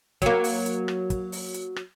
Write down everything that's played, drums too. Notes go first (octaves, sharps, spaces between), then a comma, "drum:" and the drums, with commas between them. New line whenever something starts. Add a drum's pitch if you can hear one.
F#3 A#3, drum: kick, hi-hat
drum: open hi-hat
drum: hi-hat
drum: rim click
drum: kick, hi-hat
drum: open hi-hat
drum: hi-hat
drum: rim click